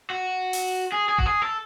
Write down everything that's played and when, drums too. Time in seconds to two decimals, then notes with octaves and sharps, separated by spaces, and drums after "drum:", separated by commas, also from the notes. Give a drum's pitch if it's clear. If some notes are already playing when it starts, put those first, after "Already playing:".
0.10 F#4
0.53 drum: open hi-hat
0.92 G#4
1.09 G#4
1.18 F#4, drum: kick F1
1.26 G#4
1.42 A4